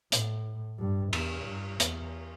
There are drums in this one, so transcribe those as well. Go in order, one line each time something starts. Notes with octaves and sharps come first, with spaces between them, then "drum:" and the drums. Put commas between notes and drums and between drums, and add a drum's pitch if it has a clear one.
A2, drum: hi-hat
G2
E2, drum: cymbal
G2
E2, drum: hi-hat